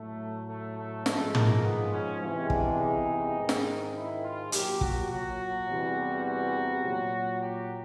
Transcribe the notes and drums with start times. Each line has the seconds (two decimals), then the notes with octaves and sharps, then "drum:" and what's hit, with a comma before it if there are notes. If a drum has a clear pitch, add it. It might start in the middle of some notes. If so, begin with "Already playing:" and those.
Already playing: A2 F#3 A3
0.48 A3
0.78 A3
1.06 G#2 F3 G#3 A3, drum: snare
1.35 A#3, drum: tom
1.64 B3
1.92 C#4
2.21 E2 C3 E3 G#3 C#4
2.50 D4, drum: kick
2.79 D#4
3.38 G#2 D#3 G#3
3.49 drum: snare
3.95 E4
4.24 F4
4.52 A#2 F#3 G4, drum: hi-hat
4.81 F#4, drum: kick
5.10 F#4
5.68 E2 C3 E3 G3
6.25 F#4
6.83 A#2 F#3
7.41 G4